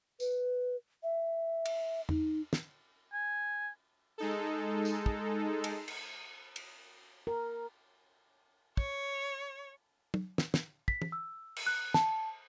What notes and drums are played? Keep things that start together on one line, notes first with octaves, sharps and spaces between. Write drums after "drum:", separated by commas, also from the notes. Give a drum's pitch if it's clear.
B4, drum: tambourine
E5
drum: cymbal
D#4, drum: tom E2
drum: snare
G#5
G#3 D#4 A4
drum: tambourine
drum: kick
drum: cymbal
drum: cymbal
drum: cymbal
A#4
C#5, drum: kick
drum: tom
drum: snare
drum: snare
B6, drum: kick
drum: tom
E6
drum: cymbal
F#6
A5, drum: snare